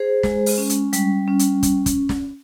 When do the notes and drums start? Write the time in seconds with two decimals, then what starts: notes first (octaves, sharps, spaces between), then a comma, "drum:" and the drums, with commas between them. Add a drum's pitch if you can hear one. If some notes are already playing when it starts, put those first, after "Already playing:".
Already playing: G#4 C5
0.23 G#3, drum: snare
0.46 drum: open hi-hat
0.58 C#4
0.70 drum: hi-hat
0.93 G3, drum: hi-hat
1.28 C#4
1.39 drum: hi-hat
1.63 drum: kick, hi-hat
1.86 drum: kick, hi-hat
2.09 drum: snare